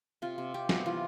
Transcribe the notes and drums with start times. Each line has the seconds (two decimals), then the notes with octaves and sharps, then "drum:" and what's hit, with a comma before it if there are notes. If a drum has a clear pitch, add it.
0.22 C3 F4
0.38 C3
0.54 C3 G4
0.69 B3, drum: snare
0.86 E3 F4